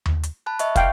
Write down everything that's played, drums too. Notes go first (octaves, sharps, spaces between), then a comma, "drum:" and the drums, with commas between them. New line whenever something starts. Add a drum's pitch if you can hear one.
drum: tom D#2
drum: hi-hat
A5 B5 F#6
D#5 E5 C#6, drum: hi-hat
D#5 F5 G5, drum: kick, hi-hat